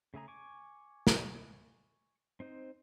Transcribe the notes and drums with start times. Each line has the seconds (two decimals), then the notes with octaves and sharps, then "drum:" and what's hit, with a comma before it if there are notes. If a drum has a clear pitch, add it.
0.14 C#3 A3 G#4 A#5
0.28 G#5 C#6 D6
1.07 drum: snare
2.40 C4 D#4 C5